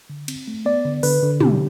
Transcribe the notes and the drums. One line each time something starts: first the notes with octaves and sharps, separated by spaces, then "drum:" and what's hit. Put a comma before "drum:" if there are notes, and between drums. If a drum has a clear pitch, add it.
D3
C4, drum: cymbal
A3
B3 D5
D3
D3 B4, drum: open hi-hat
D3
B2 G4, drum: tom